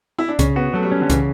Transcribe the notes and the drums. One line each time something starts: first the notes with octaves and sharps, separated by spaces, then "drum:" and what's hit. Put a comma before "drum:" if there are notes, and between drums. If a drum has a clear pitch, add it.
E4
D4
C#3 C#4, drum: kick C2, hi-hat
B3 F#4
F#3 A3
G3
C#4
D3
C#3 E3, drum: kick C2, hi-hat